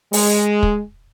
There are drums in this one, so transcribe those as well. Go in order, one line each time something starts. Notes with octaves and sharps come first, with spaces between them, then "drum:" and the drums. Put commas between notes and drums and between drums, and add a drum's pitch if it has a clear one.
G#3, drum: open hi-hat
drum: kick